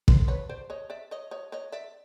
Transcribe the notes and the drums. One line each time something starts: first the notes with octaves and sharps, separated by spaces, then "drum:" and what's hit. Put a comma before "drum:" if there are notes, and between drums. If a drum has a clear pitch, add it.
A#4 C5, drum: kick
B4 C#5
C5 D5
C#5 D#5
D5 E5
C#5 D#5
C#5 D#5
C#5 D#5
D5 E5